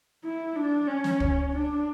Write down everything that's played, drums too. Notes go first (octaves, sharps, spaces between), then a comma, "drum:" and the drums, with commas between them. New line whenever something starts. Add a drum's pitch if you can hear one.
E4
D4
C#4
drum: snare
drum: kick
D4